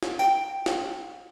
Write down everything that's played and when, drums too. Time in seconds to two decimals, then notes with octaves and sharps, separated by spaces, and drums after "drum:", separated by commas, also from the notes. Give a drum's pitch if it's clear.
0.03 drum: snare
0.19 G5, drum: tambourine
0.66 drum: snare